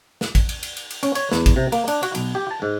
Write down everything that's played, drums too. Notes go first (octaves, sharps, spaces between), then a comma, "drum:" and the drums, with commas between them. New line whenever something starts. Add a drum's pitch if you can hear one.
drum: snare
drum: kick, cymbal
drum: cymbal
drum: cymbal
drum: cymbal
drum: cymbal
C#4, drum: cymbal
C#5, drum: cymbal
E2, drum: snare
drum: kick, cymbal
C3
A#3, drum: cymbal
D4, drum: cymbal
F#4, drum: cymbal
B1, drum: cymbal
G4
A5
G#2